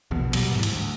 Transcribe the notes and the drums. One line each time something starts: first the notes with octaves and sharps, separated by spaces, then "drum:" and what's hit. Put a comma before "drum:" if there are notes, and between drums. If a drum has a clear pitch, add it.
A#1 E2 B2
B2 F#3 G3, drum: cymbal
G#2 E3
drum: cymbal
D2